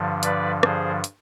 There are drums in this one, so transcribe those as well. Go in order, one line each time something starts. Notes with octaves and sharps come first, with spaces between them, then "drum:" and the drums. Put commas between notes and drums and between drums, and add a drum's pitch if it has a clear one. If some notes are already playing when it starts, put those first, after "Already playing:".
Already playing: G2 D3 F3
B4 D5, drum: hi-hat
G#4 C5, drum: rim click
drum: hi-hat